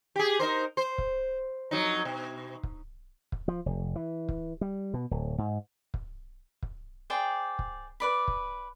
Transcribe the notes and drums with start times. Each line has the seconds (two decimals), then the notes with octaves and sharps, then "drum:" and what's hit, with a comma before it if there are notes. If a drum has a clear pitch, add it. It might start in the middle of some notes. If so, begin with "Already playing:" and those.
0.16 G4 G#4
0.39 D#4 A#4 C5
0.77 C5
0.98 drum: kick
1.71 F2 F#3 D#4
2.05 B2
2.63 drum: kick
3.32 drum: kick
3.48 F3
3.66 F1
3.96 E3
4.29 drum: kick
4.61 G3
4.94 B2
5.11 D1
5.38 G#2
5.94 drum: kick
6.63 drum: kick
7.10 G#4 C5 D5 G5
7.59 drum: kick
8.00 B4 D5 B5
8.28 drum: kick